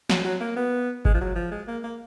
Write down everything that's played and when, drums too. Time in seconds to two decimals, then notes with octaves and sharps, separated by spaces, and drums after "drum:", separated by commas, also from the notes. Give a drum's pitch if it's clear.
0.10 F#3, drum: snare
0.25 F#3
0.41 A#3
0.56 B3
1.05 G#3, drum: kick G1
1.14 F3
1.21 F#3
1.36 F3
1.51 G#3
1.68 A#3
1.84 A#3